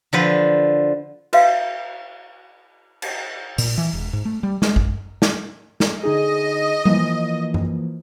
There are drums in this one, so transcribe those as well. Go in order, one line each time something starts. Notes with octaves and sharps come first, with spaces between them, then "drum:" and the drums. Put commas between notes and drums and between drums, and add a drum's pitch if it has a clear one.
D3 F3 B4
F#4 B4 E5 F5, drum: cymbal
drum: cymbal
A#2, drum: open hi-hat
E3
E1
G#2
A3
G3
G#3, drum: snare
F#2, drum: kick G#1
drum: snare
drum: snare
D3 D#4 G#4 D#5
E3 F3 A#3, drum: tom G3
drum: tom F#2